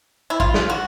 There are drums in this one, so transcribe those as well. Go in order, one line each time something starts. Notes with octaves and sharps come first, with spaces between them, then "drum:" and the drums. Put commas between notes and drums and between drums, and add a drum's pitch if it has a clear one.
E4
F4, drum: kick
drum: snare
F#4